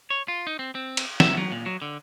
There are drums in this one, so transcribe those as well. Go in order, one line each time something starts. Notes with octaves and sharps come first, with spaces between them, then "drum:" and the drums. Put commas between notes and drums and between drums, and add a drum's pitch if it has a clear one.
C#5
F4
D#4
C4
C4
drum: cymbal
E5, drum: snare
F#3
A#2
F#3
D3